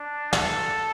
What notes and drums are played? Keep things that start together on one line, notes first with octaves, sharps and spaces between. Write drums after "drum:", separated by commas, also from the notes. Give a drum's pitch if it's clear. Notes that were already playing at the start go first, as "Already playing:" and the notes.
Already playing: D4
A4, drum: snare